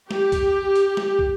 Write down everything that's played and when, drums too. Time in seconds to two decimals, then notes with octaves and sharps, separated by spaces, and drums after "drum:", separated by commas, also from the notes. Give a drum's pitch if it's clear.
0.11 G4, drum: snare
0.32 drum: kick, hi-hat
0.76 drum: hi-hat
0.97 drum: snare
1.19 drum: kick